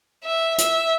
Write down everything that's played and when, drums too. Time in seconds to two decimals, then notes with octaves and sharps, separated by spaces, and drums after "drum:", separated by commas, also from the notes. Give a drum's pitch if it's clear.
0.24 E5
0.58 E5, drum: hi-hat